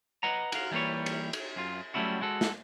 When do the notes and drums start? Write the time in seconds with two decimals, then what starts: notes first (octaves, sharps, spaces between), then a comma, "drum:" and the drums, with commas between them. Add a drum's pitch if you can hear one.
0.23 B4 D#5 F#5 A#5
0.52 F#4 A#4 F5, drum: cymbal
0.71 E3 G3 A#3 B4 C#5
1.06 drum: cymbal
1.33 drum: cymbal
1.56 F#2 F4
1.94 F#3 G3 A3 C#4 E4 F#4
2.21 G#3 F#4 A4
2.41 drum: snare